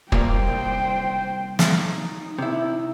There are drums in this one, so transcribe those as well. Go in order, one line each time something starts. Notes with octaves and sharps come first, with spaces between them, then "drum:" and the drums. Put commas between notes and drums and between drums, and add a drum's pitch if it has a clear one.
A#2 G3 A#3 C5 G5, drum: kick
C2
D#4, drum: snare
C3 E4